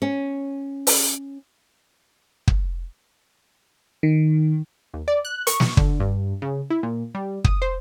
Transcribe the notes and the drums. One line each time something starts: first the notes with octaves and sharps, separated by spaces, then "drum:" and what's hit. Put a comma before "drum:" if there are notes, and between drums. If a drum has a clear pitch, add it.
C#4
drum: open hi-hat
drum: kick
D#3
D#2
D5
F#6
C#6, drum: hi-hat
drum: snare
D3, drum: kick
G2
C#3
E4
A#2
G3
D#6, drum: kick
C5